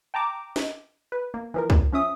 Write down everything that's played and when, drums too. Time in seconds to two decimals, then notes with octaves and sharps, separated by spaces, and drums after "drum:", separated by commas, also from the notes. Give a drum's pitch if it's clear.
0.14 G5 A5 A#5 D6
0.56 drum: snare
1.12 B4
1.34 A#3
1.54 E3 F3 A#4
1.70 drum: kick
1.92 F3 C#4 E5 D#6